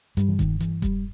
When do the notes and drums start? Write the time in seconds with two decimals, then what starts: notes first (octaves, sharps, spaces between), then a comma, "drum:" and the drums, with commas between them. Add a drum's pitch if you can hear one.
0.17 G2 G3, drum: hi-hat
0.28 E3
0.39 D#3, drum: kick E1, hi-hat
0.60 E3, drum: hi-hat
0.82 G3, drum: kick E1, hi-hat